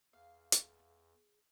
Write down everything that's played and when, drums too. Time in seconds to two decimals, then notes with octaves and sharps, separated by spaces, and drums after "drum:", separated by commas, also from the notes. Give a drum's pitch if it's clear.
0.13 E2 G#4 F5
0.52 drum: hi-hat